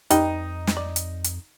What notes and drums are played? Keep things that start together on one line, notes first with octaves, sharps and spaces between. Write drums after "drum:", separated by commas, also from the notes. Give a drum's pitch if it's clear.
F2 G3 D#4 B4 G5, drum: hi-hat
drum: snare
D5
drum: hi-hat
drum: hi-hat